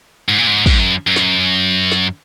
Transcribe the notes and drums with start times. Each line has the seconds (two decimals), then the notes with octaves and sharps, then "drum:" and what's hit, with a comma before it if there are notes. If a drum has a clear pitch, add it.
0.29 G#2
0.38 A#2
0.47 G#2
0.66 G#2, drum: kick
0.79 F#2
1.07 F#2
1.16 drum: snare
1.92 drum: snare